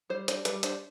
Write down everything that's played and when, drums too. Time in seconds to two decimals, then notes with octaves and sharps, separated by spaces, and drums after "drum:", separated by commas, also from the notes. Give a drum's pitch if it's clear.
0.10 G3 C5
0.28 D4 C5, drum: hi-hat
0.45 G3 B4, drum: hi-hat
0.63 D4 C5, drum: hi-hat